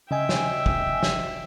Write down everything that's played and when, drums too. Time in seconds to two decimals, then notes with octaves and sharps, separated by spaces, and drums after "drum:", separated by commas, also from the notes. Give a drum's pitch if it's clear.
0.11 C#3 D#5 E5 G5 G#5
0.29 drum: snare
0.66 drum: kick
1.03 drum: snare